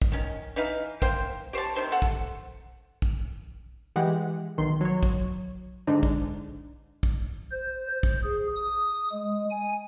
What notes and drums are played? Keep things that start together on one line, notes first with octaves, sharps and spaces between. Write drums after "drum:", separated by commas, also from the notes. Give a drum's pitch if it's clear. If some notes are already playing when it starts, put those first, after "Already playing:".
drum: kick
D#3 C#4
E3 D#4 B4 F5
A#3 C5 G5, drum: kick
G4 C5 C#5 A5
C3 D#3 C5 C6
A4 F#5
drum: kick
drum: kick
E3 G#3 G4 F#5
B1 D#3 C6
F#3 C#5
drum: kick
G#2 D3 D4 D#4
drum: kick
drum: kick
C5
C5
drum: kick
G#4
D#6
G#3
G#5